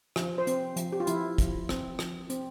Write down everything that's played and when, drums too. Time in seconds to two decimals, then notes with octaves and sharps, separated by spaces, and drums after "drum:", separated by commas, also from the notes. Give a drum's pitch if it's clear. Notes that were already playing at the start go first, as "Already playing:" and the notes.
0.16 F3, drum: rim click
0.38 C5
0.47 C4, drum: hi-hat
0.76 F3, drum: hi-hat
0.93 G4
1.00 F4
1.07 F3 E4, drum: hi-hat
1.38 F3, drum: kick, hi-hat
1.69 C4, drum: rim click
1.99 F3, drum: rim click
2.30 C4, drum: hi-hat